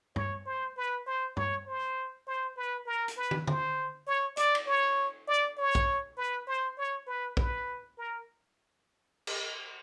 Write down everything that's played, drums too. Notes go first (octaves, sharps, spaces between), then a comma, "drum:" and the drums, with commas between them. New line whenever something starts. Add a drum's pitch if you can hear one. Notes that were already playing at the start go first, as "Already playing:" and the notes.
C#5, drum: tom G2
C5
B4
C5
C#5, drum: tom G2
C5
C5
B4
A#4
drum: hi-hat
B4
drum: tom
C5, drum: tom
C#5
D5, drum: hi-hat
drum: cymbal
C#5
D5
C#5
drum: kick
B4
C5
C#5
B4
B4, drum: kick
A#4
drum: cymbal